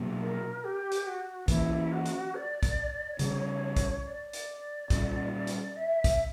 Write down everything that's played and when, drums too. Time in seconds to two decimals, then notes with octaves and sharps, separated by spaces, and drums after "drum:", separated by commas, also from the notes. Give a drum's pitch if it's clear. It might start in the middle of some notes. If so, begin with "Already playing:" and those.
Already playing: B2 F#3 A#3 D4
0.20 A#4
0.64 G4
0.92 drum: hi-hat
1.06 F#4
1.48 E3 A#3 C#4 E4, drum: kick, hi-hat
1.91 F#4
2.06 drum: hi-hat
2.34 D5
2.63 drum: kick, hi-hat
3.19 C#3 G3 C#4 C#5, drum: hi-hat
3.76 drum: kick, hi-hat
4.04 D5
4.33 drum: hi-hat
4.90 A#2 G3 C#4, drum: kick, hi-hat
5.47 drum: hi-hat
5.75 E5
6.04 drum: kick, hi-hat